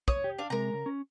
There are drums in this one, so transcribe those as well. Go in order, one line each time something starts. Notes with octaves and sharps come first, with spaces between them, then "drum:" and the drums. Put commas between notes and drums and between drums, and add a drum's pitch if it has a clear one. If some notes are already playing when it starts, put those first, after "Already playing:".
C#5 D#6, drum: kick
G4
D4 F5
C3 G#3 A#4 A#5
C#3
C#4